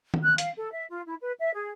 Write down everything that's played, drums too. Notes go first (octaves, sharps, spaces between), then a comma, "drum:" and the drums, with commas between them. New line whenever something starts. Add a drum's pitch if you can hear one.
drum: tom D#3
F#6
F5, drum: hi-hat
A4
E5
F4
E4
B4
E5
G#4